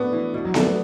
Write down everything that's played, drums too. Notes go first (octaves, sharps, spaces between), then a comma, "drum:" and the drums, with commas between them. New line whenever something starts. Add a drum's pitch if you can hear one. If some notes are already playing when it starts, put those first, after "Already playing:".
Already playing: A2 B3 D4 F#4
E3
B2
F#3
A3 D4, drum: snare B3
B3